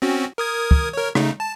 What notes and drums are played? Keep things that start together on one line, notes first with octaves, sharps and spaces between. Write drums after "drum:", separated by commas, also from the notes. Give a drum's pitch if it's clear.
C4 C#4 F#4
A#4 D#6 G#6
drum: kick
A#4 C#5
C#3 A3 D#4, drum: rim click
A5